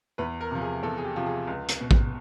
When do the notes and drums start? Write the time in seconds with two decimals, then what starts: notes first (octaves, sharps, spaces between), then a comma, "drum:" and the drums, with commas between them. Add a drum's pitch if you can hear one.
0.18 E2 B4
0.41 A#4
0.51 C3 F3
0.62 G#4
0.83 E2 A4
0.98 G#4
1.05 G4
1.16 C3 F3
1.26 G#4
1.47 C#2
1.69 drum: hi-hat
1.81 B2
1.91 drum: kick A1